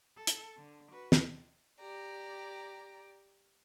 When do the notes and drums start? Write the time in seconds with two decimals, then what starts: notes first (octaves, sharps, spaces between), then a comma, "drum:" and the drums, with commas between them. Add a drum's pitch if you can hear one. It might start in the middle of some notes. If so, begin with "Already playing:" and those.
0.16 A4
0.27 drum: hi-hat
0.56 D3
0.92 F#4 B4
1.12 drum: snare
1.79 G4 D5 A#5